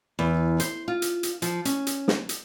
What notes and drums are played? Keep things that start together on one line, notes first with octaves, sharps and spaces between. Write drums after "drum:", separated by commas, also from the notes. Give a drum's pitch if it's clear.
E2
C5, drum: hi-hat
F4
drum: hi-hat
drum: hi-hat
F3, drum: hi-hat
C#4, drum: hi-hat
drum: hi-hat
drum: snare
drum: hi-hat